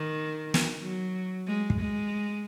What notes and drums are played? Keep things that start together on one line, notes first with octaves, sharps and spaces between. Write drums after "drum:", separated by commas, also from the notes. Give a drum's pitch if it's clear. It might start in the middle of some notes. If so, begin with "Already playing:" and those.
Already playing: D#3
drum: snare
F#3
G#3
drum: kick
G#3